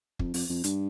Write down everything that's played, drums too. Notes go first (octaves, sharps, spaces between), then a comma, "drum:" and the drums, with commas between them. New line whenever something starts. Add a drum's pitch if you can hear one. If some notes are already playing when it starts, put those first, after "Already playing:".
F2, drum: kick
F2, drum: open hi-hat
F2
G2, drum: hi-hat